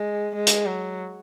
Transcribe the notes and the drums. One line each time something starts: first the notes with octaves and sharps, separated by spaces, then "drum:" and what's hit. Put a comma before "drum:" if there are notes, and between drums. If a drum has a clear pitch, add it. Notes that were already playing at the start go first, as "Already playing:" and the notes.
Already playing: G#3
G#3
drum: hi-hat
F#3